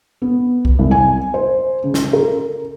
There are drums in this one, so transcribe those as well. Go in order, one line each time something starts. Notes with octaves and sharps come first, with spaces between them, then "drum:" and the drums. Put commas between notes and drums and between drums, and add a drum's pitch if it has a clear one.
B3
drum: kick C2
C2
G#5
C5
C#3
drum: snare
A#4